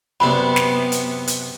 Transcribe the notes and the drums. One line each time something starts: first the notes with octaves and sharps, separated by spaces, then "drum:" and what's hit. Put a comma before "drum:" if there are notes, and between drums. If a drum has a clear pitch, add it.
F#2 C3 B3 D4 B5
drum: snare
drum: hi-hat
drum: hi-hat